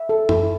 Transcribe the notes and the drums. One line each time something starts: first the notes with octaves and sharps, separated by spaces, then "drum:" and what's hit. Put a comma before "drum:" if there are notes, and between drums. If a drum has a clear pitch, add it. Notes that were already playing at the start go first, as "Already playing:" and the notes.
Already playing: E5
A4
E4, drum: tom F#2